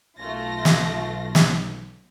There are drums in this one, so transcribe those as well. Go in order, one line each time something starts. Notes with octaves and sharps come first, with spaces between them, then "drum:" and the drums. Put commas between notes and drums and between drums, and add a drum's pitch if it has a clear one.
B1 A3 F4 A#6
drum: snare
drum: snare